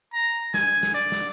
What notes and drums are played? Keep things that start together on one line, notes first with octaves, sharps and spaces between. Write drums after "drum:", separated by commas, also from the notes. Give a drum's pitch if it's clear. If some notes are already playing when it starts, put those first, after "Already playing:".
A#5
G#5, drum: snare
drum: snare
D5
drum: snare